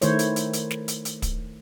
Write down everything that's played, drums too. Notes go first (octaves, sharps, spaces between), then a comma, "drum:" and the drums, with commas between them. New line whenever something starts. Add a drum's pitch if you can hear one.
D#3 A3 E4 C5 C#5, drum: hi-hat
drum: hi-hat
drum: hi-hat
drum: hi-hat
drum: snare
drum: hi-hat
drum: hi-hat
drum: kick, hi-hat